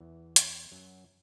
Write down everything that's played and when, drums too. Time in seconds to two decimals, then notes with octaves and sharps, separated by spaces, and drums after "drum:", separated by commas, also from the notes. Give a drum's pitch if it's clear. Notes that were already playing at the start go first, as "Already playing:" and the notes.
0.01 E2 E3
0.36 drum: hi-hat
0.71 F#2 F#3